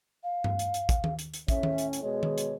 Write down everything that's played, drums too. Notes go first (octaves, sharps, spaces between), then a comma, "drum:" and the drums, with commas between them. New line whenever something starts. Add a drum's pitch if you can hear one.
F5
drum: tom G2
drum: hi-hat
drum: hi-hat
drum: kick, hi-hat
drum: tom D#3
drum: hi-hat
drum: hi-hat
A2 C#4 E5, drum: kick, hi-hat
drum: tom D#3
drum: hi-hat
drum: hi-hat
B2 G#3 C#5
drum: tom D#3
drum: hi-hat